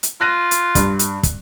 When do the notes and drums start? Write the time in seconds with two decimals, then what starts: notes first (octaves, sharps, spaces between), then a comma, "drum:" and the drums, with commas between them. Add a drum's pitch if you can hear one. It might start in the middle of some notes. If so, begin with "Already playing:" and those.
0.03 drum: hi-hat
0.21 F4 F#6 A#6 D#7
0.51 drum: hi-hat
0.75 G2, drum: kick, hi-hat
0.99 drum: hi-hat
1.23 drum: kick, hi-hat